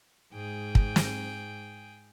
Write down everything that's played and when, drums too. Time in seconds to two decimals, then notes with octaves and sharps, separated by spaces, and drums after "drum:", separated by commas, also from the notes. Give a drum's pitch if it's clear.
0.34 G#2 G#4 G5
0.75 drum: kick
0.96 drum: snare